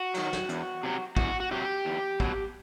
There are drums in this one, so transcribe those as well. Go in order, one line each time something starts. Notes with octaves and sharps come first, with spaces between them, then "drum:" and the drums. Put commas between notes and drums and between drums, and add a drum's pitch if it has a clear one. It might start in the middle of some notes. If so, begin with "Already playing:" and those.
Already playing: F#4
D#3 F#3, drum: cymbal
drum: snare
E2, drum: hi-hat
C3 F#3
E2 F#4, drum: kick
F#4
C3 F#3 G4
E2
B2 F#3, drum: kick